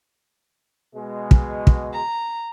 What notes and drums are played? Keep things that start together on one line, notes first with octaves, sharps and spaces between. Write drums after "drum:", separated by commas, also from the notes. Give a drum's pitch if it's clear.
B2 G#3
drum: kick
drum: kick
A#5